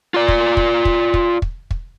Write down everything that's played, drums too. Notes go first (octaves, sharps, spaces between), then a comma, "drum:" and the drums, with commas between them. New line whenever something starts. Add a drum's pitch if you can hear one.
F4 D5
drum: kick
drum: kick
drum: kick
drum: kick
drum: kick
drum: kick